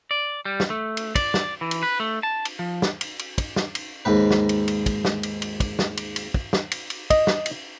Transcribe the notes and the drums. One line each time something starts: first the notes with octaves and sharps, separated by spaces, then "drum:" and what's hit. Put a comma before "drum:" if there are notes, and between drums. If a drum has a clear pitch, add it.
D5
G3
drum: snare
A3
drum: cymbal
D5, drum: kick, cymbal
drum: snare
E3
drum: cymbal
B4
A3
A5
drum: cymbal
F3
drum: snare
drum: cymbal
drum: cymbal
drum: kick, cymbal
drum: snare
drum: cymbal
D#2 G#2 B4
drum: snare
drum: cymbal
drum: cymbal
drum: kick, cymbal
drum: snare
drum: cymbal
drum: cymbal
drum: kick, cymbal
drum: snare
drum: cymbal
drum: cymbal
drum: kick
drum: snare
drum: cymbal
drum: cymbal
D#5, drum: kick, cymbal
drum: snare
drum: cymbal